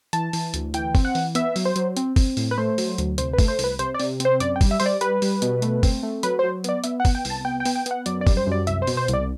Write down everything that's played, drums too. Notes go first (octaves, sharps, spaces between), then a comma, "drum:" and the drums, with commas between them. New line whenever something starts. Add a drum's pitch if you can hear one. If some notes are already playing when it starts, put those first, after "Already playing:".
E3 A5, drum: hi-hat
E3, drum: open hi-hat
D2, drum: hi-hat
E3 G5, drum: hi-hat
C4, drum: kick G1, open hi-hat
F#5
E3, drum: open hi-hat
B3 E5, drum: hi-hat
F#3, drum: open hi-hat
C5
F#3, drum: hi-hat
C4, drum: hi-hat
C4, drum: kick G1, open hi-hat
A2, drum: open hi-hat
B4
A3 C5
F#3, drum: open hi-hat
D2, drum: hi-hat
C2 C5, drum: hi-hat
B4
A3, drum: kick G1, open hi-hat
C5
C2, drum: open hi-hat
B4
C3 C5, drum: hi-hat
D5
C3, drum: open hi-hat
C4, drum: hi-hat
C5
F#2 D5, drum: hi-hat
G5
G3, drum: kick G1, open hi-hat
E5
G3 C5, drum: open hi-hat
D5
G3 B4, drum: hi-hat
G3, drum: open hi-hat
B2, drum: hi-hat
A3, drum: hi-hat
C4, drum: kick G1, open hi-hat
A3
F#3 B4, drum: hi-hat
F#3 C5
B3 D5, drum: hi-hat
B3 E5, drum: hi-hat
F#5
B3, drum: kick G1, open hi-hat
G5
C2, drum: open hi-hat
A5
B3 G5
G5
B3, drum: open hi-hat
G5
B3 F#5, drum: hi-hat
F#2 D5, drum: hi-hat
D5
G3, drum: kick G1, open hi-hat
C5
F#2 D5
C2 E5, drum: hi-hat
C5
B2, drum: open hi-hat
C5
C2, drum: hi-hat
D5